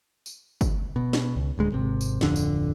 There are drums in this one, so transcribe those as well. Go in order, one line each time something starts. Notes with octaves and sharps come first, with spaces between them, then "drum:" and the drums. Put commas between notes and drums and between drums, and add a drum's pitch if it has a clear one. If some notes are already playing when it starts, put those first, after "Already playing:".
drum: tambourine
drum: kick, tambourine
B2
drum: snare
C#2
D1 D2 G#3
G#1 C3
drum: tambourine
D1 F2 D3, drum: snare
drum: tambourine